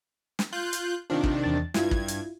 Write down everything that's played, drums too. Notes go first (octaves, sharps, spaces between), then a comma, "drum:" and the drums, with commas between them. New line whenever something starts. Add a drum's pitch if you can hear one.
drum: snare
F4 F#6 G6
drum: hi-hat
C3 D#3 D4 F4 C5 F5
drum: kick
E2 A6
G2 E4 F4 G#6, drum: snare
drum: kick
drum: hi-hat